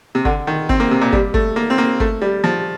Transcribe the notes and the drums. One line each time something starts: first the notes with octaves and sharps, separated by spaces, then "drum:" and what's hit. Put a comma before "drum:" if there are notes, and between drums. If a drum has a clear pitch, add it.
C3
D3, drum: kick
D#3
C4, drum: kick
A#3
C3
A#2
G3, drum: kick
A3, drum: kick
A#3
C4
A#3
A3, drum: kick
G3
F3